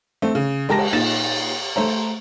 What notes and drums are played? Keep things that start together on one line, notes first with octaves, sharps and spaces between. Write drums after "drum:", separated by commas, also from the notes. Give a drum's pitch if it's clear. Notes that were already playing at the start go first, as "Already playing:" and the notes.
A3 C4
C#3
G#3 G4 A#4 A5 A#6
drum: cymbal
A#2 D#4 A6 E7
A3 C5 A#5